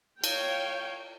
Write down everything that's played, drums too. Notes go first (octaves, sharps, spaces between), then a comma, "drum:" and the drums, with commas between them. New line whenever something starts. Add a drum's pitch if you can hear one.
C#5 F5 G5, drum: cymbal